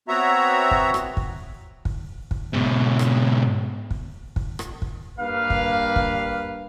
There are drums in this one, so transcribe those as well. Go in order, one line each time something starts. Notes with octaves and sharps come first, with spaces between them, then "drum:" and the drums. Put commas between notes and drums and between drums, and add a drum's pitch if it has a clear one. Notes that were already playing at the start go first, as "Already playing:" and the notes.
B3 C4 F#4 C#5 E5 A#5
drum: kick
drum: rim click
drum: kick
drum: kick
drum: kick
G#2 B2
drum: rim click
drum: kick
drum: kick
drum: rim click
drum: kick
G2 A#3 B4 F5
drum: kick
drum: kick